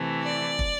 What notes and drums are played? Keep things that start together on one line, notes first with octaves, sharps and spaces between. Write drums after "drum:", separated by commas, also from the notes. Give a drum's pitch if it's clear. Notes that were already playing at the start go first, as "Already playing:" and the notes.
Already playing: C3 E3 A3
D5
drum: kick